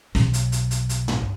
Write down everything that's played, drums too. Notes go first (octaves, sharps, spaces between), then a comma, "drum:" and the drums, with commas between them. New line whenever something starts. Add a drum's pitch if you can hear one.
B1, drum: snare
drum: hi-hat
drum: hi-hat
drum: hi-hat
drum: hi-hat
drum: tom